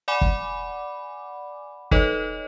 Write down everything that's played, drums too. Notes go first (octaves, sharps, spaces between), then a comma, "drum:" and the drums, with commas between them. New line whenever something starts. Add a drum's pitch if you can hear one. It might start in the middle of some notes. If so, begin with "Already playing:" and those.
D5 F#5 G#5 B5 D6
drum: kick
D#4 A4 B4 C#5 D#5, drum: kick